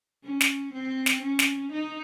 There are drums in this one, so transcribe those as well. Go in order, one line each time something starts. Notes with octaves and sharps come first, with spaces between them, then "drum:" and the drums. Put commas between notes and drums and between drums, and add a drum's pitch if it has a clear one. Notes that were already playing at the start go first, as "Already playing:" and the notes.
C#4
drum: snare
C4
drum: snare
C#4
drum: snare
D#4